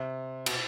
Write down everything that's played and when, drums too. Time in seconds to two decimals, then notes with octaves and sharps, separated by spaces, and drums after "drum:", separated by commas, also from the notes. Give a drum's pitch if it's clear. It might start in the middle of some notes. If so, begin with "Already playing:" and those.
Already playing: C3
0.46 B2, drum: cymbal